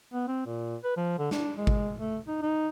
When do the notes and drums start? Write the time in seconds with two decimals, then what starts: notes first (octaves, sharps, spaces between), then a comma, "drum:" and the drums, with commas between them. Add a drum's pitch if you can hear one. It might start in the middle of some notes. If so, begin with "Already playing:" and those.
0.13 B3
0.28 C4
0.46 A#2
0.84 B4
0.97 F3
1.19 D3
1.31 D4, drum: snare
1.57 G#3
1.67 drum: kick G#1
1.99 A3
2.28 D#4
2.42 D#4